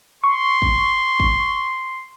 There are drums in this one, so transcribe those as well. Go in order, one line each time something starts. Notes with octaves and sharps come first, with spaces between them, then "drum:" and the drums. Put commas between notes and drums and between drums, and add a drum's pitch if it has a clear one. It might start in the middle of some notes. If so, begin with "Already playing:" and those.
C6 C#6
drum: kick
drum: kick